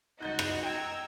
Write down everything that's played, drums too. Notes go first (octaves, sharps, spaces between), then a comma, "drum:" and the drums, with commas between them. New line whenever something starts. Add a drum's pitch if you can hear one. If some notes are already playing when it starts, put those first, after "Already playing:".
C#2 D#4 F#4 D#5 F#6 G6 A6
drum: rim click
G5 A#5 E6 G#6